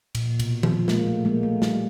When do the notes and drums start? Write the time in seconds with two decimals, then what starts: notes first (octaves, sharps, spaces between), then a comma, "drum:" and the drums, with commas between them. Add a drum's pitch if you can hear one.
0.15 A#2, drum: cymbal
0.40 B2, drum: cymbal
0.63 F3, drum: tom D#3
0.88 G#3 A#3, drum: snare
1.07 A3
1.25 G#3 A#3
1.43 A3
1.62 G3, drum: snare